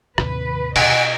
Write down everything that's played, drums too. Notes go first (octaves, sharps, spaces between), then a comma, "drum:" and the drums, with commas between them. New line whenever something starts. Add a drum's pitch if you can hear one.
D#2 A2 C3 D#3 B4, drum: rim click
B2 D#5 F#5 G#5 B6, drum: cymbal